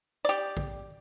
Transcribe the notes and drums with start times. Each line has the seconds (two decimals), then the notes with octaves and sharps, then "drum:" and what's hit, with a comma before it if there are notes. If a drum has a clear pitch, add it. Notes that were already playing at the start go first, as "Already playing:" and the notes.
0.25 G4 D5
0.57 drum: kick A1